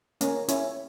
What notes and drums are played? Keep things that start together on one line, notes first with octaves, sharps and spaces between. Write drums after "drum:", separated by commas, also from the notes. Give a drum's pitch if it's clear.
A#3 C#4, drum: hi-hat
C#4 E4, drum: hi-hat